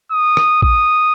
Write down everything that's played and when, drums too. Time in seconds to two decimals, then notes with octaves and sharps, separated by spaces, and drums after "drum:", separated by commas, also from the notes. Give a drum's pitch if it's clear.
0.11 D#6
0.37 drum: rim click
0.62 D#6, drum: kick A#1